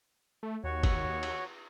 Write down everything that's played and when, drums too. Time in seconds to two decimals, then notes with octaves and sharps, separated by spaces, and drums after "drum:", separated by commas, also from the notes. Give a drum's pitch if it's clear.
0.43 A3
0.64 D#2 F#4 C#5
0.83 drum: kick, cymbal
1.23 drum: cymbal